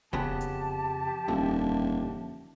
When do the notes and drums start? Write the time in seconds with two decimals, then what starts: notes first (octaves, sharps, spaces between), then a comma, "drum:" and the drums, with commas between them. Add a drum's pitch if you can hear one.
0.13 F2 C#3 B3 G4 A5, drum: kick E1
0.41 drum: hi-hat
1.28 D#1 F2 D3